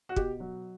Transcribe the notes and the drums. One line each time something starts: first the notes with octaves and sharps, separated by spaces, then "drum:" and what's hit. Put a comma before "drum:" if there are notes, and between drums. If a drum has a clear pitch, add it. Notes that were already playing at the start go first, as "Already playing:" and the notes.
F#4
B2 G4, drum: kick
F#3